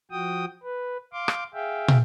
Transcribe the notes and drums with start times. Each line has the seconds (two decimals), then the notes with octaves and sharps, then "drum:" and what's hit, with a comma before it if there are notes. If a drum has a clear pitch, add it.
0.11 F3 F#4 G5 D#6
0.64 B4
1.13 F5 C6 D6
1.28 drum: rim click
1.54 G#4 E5 F5 G5
1.88 drum: tom